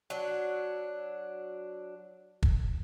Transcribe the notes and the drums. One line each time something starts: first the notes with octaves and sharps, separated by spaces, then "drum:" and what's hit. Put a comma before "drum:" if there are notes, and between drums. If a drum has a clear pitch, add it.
F#3 D4
drum: kick